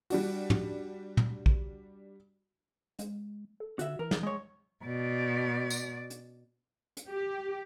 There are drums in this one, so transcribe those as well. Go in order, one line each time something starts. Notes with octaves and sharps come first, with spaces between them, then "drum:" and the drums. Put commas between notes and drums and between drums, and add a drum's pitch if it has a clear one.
G3 D4 F#4, drum: open hi-hat
drum: tom
drum: tom
drum: kick A#1
G#3, drum: hi-hat
A4
D3 F#4 E5, drum: hi-hat
E3 A#4
drum: snare
G#3 C#5
B2 D5
drum: tambourine
drum: hi-hat
drum: hi-hat
G4